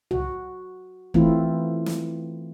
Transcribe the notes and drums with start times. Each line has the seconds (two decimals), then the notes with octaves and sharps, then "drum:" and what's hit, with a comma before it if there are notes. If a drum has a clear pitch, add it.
0.11 F#4, drum: tom C#2
1.14 E3 A3 C4 E4 F4, drum: kick
1.86 drum: snare